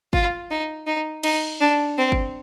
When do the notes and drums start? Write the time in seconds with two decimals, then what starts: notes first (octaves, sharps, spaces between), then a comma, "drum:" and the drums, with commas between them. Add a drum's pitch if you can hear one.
0.13 F4, drum: kick G1
0.50 D#4
0.87 D#4
1.23 D#4, drum: cymbal
1.60 D4
1.97 C4
2.12 drum: kick G1